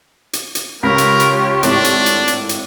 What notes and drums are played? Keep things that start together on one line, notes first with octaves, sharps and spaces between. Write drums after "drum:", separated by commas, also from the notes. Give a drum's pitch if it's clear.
drum: hi-hat
drum: hi-hat
C#2 F4 G4 A#4 C#5 B5 B6
drum: hi-hat
drum: hi-hat
G#1 A2 D4 E4, drum: hi-hat
drum: hi-hat
drum: hi-hat
drum: hi-hat
drum: hi-hat